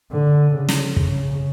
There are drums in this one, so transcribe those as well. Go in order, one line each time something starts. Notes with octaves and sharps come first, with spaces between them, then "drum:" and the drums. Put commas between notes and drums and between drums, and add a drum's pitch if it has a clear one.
D3
C#3
drum: snare
C#3, drum: kick